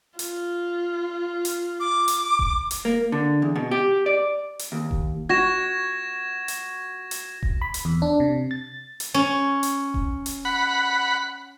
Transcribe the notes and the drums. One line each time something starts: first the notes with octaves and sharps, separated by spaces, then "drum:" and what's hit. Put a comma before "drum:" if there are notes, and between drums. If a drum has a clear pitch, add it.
F4, drum: hi-hat
drum: hi-hat
D6
drum: hi-hat
drum: kick D#1
drum: hi-hat
A#3
D3
E2
B2
G4
D5
drum: hi-hat
D#2
drum: kick D#1
F#4 G#6 A#6 E7
drum: hi-hat
drum: hi-hat
drum: kick D#1
B5
drum: hi-hat
E2
D4
C3
A6
drum: hi-hat
C#4
drum: hi-hat
drum: kick D#1
drum: hi-hat
F#5 B5